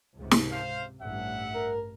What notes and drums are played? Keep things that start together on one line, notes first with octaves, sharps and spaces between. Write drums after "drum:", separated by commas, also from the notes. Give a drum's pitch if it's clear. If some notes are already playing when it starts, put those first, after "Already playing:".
C#2 G#2 C3
drum: snare
C5 F5
A1 G2 E5 F#5
A#4